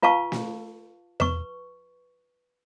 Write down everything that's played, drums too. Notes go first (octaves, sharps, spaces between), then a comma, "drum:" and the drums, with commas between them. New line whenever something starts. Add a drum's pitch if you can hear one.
F4 B4 F5 A5 C#6
drum: snare
B4 C#6, drum: tom E2